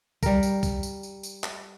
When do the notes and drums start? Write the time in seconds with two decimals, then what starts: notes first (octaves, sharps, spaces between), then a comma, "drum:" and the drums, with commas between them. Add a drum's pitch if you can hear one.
0.23 G3 A#4, drum: kick, tambourine
0.43 drum: tambourine
0.63 drum: kick, tambourine
0.83 drum: tambourine
1.03 drum: tambourine
1.23 drum: tambourine
1.44 drum: clap